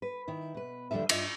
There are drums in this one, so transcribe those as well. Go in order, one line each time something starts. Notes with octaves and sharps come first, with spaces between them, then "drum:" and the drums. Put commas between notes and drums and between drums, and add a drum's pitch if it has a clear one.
B4
D#3 E4
B2 B4
E2 D3 F3 G3 D#4 E5
G2 F4 D#5 E5, drum: cymbal